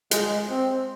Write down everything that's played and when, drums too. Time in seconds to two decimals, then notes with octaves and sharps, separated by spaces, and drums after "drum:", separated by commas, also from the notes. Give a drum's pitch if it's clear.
0.11 G#3, drum: hi-hat
0.49 C4